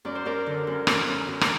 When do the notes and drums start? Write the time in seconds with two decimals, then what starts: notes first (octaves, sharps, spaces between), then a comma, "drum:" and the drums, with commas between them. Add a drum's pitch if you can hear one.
0.05 F#2 D5
0.15 C5
0.26 F#2 A#4 D5
0.46 D3
0.67 F#2
0.87 F#2, drum: rim click
1.07 F#2
1.28 F#2
1.41 drum: rim click